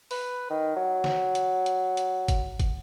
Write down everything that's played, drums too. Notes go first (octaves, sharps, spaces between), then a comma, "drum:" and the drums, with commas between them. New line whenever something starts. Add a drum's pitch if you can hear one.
B4, drum: open hi-hat
D#3
F#3
drum: snare
drum: hi-hat
drum: hi-hat
drum: hi-hat
drum: kick G1, hi-hat
drum: kick G1, hi-hat